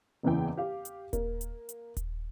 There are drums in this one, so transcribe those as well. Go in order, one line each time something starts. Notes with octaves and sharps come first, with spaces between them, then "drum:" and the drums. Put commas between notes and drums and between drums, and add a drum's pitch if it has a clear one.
F#1 E2 C#3 E3 G5
G4 F5
drum: hi-hat
A#3, drum: kick D#1, hi-hat
drum: hi-hat
drum: hi-hat
drum: kick D#1, hi-hat